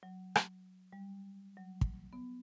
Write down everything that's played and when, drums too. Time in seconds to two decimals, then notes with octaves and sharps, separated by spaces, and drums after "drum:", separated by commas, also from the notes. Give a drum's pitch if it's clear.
0.03 F#3
0.36 drum: rim click
0.93 G3
1.57 F#3
1.81 drum: kick
2.13 B3